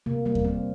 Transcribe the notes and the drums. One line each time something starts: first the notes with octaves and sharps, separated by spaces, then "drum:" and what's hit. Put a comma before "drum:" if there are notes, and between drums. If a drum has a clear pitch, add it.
C3 A#3
G3 A#3
drum: kick E2
A#3 C4